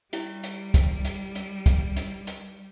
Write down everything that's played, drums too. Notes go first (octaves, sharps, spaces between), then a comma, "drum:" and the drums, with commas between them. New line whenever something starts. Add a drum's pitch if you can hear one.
G3 E4 G4, drum: hi-hat
drum: hi-hat
drum: kick, hi-hat
drum: hi-hat
drum: hi-hat
drum: kick, hi-hat
drum: hi-hat
drum: hi-hat